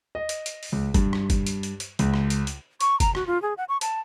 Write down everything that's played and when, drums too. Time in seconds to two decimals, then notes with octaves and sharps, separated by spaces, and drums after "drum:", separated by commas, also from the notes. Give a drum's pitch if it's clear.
0.15 D#5
0.29 drum: hi-hat
0.46 drum: hi-hat
0.63 drum: open hi-hat
0.72 C#2
0.94 G2, drum: kick, hi-hat
1.13 drum: rim click
1.30 drum: kick, hi-hat
1.47 drum: hi-hat
1.63 drum: hi-hat
1.80 drum: hi-hat
1.99 C#2, drum: hi-hat
2.14 drum: rim click
2.30 drum: hi-hat
2.47 drum: hi-hat
2.81 C#6, drum: hi-hat
3.00 A#5, drum: kick, hi-hat
3.15 F#4, drum: rim click
3.27 F4
3.42 G#4
3.58 F#5
3.69 C#6
3.81 A5, drum: hi-hat